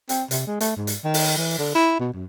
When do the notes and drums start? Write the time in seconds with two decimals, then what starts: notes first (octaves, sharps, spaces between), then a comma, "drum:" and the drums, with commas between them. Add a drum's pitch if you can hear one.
0.09 C4, drum: hi-hat
0.31 C3, drum: hi-hat
0.47 G#3
0.60 A3, drum: hi-hat
0.76 G#2
0.87 drum: hi-hat
1.04 D#3
1.14 drum: open hi-hat
1.37 E3
1.58 D3
1.75 E4
2.00 B2
2.13 F#2